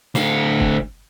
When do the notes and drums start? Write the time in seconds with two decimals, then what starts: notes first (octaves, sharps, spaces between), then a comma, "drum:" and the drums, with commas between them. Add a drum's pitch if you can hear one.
0.15 D2 F5, drum: snare
0.60 drum: kick